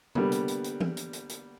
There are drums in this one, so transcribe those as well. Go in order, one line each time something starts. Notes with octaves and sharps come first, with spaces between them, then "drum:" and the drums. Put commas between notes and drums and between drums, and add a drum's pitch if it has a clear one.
D3 G3 A#3 B3, drum: tom
drum: hi-hat
drum: hi-hat
drum: hi-hat
drum: tom E3
drum: hi-hat
drum: hi-hat
drum: hi-hat